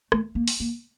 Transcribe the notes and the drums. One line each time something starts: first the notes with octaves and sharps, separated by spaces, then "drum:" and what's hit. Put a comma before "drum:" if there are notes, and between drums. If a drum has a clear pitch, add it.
A3, drum: rim click
A#3
drum: open hi-hat
A#3